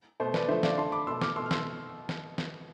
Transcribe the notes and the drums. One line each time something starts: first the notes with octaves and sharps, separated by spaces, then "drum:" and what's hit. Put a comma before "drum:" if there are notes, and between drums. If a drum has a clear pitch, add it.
B2 A3 C5
B4 D5, drum: snare
D3 F3 A3 C5 E5
D5 F5, drum: snare
D3 A3 A5 C6
B5 D6
B2 A3 C6 E6
D6 F6, drum: snare
B2 A3 C6 E6
F6
C6 E6, drum: snare
drum: snare
drum: snare